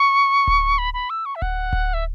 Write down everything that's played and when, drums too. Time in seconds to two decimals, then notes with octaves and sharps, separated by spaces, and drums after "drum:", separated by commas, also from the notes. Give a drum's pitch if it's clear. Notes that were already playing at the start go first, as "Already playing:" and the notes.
Already playing: C#6
0.47 drum: kick D1
0.78 B5
0.94 B5
1.10 E6
1.26 C#6
1.35 E5
1.42 F#5, drum: kick D1
1.73 drum: kick D1
1.94 E5